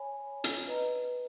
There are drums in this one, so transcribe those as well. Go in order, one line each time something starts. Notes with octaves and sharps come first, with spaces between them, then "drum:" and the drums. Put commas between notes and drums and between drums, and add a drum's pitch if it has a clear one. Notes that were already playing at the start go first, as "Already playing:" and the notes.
Already playing: C#5 G#5 B5
drum: hi-hat
B4 D#5 A#5